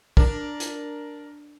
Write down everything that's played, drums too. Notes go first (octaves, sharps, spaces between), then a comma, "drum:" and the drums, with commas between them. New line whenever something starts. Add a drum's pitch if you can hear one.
D4 A#4, drum: kick
drum: hi-hat